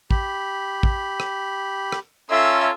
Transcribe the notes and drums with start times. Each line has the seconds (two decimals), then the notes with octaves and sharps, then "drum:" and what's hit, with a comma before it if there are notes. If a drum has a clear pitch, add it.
0.11 G4 B5, drum: kick
0.83 drum: kick
1.20 drum: rim click
1.92 drum: rim click
2.31 C#4 F4 A4 C#5 E5 A#5 C6